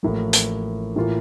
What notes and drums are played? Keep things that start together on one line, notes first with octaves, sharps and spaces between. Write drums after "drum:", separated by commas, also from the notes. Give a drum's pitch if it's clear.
A1 A2 F3 A#3
drum: hi-hat
A2 E3 A#3 F4